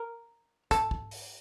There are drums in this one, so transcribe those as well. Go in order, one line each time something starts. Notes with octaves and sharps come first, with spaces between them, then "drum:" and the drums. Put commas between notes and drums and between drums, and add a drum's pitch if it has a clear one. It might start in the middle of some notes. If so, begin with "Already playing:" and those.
Already playing: A#4
A4, drum: kick, hi-hat
drum: kick
drum: open hi-hat